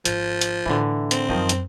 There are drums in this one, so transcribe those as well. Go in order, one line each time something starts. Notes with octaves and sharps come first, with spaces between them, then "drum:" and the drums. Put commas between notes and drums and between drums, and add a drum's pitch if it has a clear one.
G#1 F3, drum: hi-hat
drum: hi-hat
A2 D3 E3
C4, drum: hi-hat
F#2 D#3 F3 D#5
drum: hi-hat